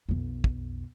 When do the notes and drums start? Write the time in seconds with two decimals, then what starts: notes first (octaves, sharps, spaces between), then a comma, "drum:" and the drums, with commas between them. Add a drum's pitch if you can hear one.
0.09 B1 F2
0.44 drum: kick